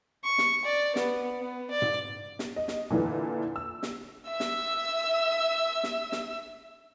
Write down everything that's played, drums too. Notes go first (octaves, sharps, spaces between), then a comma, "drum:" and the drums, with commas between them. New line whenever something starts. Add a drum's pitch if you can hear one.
C#6
drum: snare
D5
B3, drum: snare
B3
D5
drum: tom G#2
drum: snare
D#5
drum: snare
A#2 D3 E3
E6
drum: snare
E5 E6
drum: snare
drum: snare
drum: snare